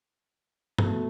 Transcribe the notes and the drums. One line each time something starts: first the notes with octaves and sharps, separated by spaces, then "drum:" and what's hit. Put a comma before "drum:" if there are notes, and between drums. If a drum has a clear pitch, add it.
B2 A3, drum: tom